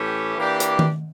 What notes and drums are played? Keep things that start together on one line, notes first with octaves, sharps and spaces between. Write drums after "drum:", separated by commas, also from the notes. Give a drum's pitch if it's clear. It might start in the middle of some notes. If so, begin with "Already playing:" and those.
Already playing: A2 E3 A3 C#4 G4
E3 A#3 D4 G4
drum: hi-hat
drum: tom D#3